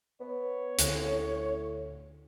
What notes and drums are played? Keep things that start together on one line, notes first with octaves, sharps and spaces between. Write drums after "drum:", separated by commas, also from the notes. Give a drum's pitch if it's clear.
B3 C#5
D2 A2 D3, drum: hi-hat